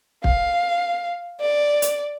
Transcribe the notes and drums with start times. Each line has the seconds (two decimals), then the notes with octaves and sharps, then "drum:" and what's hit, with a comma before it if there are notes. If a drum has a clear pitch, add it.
0.24 F5, drum: kick
1.41 D5
1.82 drum: hi-hat